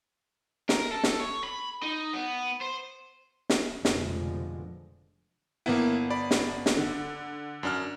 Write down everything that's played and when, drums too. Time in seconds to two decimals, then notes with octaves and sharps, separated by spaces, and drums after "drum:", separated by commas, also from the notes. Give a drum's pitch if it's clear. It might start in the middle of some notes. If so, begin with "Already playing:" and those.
0.69 A#4, drum: snare
0.91 A4
1.04 drum: snare
1.20 C#5
1.44 B5
1.83 D#4
2.13 B3
2.61 C5
3.50 drum: snare
3.85 F1 F2 B2 D3 F3 G#3, drum: snare
5.66 G1 A#3 B3 E4
6.10 D5 B5
6.31 drum: snare
6.66 drum: snare
6.77 D3
7.63 F#2 D4 F6